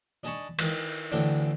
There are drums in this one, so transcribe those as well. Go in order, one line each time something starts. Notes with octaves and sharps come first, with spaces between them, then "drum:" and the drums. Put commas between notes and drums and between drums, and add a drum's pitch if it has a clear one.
D4 D#4 G#4 A5 B5 C#6
D#3 E4 B4, drum: cymbal
D2 A2 D3 E3 D4 D6